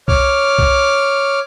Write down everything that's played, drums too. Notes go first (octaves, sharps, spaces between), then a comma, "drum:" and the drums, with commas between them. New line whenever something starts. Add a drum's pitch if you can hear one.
C#5 D6 F6, drum: kick C2
drum: kick C2